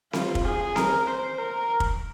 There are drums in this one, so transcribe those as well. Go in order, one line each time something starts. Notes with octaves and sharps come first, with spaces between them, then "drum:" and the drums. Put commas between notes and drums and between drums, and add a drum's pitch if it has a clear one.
F4, drum: snare C4
drum: kick
G#4
A#4, drum: snare C4
C5
A#4
drum: kick